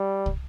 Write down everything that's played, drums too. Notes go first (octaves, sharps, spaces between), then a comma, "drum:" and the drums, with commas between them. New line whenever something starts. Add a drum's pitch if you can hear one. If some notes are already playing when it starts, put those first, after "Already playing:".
Already playing: G3
drum: kick